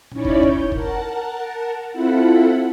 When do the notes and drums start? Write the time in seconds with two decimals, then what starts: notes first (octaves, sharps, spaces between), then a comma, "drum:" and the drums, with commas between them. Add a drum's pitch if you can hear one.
0.12 C#4 D#4 E4 C#5 D5 B5, drum: tom A#2
0.25 drum: kick
0.43 C#5 G6, drum: kick
0.72 A#4 F#5 A5, drum: kick
1.92 C4 E4 F4 A4 F#5 B5